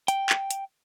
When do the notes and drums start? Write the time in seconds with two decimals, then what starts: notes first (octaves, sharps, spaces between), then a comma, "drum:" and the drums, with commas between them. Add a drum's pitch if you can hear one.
0.08 G5, drum: hi-hat
0.29 drum: clap
0.51 drum: hi-hat